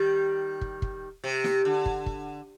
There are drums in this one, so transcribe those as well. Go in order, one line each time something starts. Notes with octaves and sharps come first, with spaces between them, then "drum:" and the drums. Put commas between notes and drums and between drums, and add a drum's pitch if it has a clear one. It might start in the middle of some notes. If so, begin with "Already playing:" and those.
Already playing: D#3 G3
drum: kick
drum: kick
C3
drum: snare
D3
drum: kick
drum: kick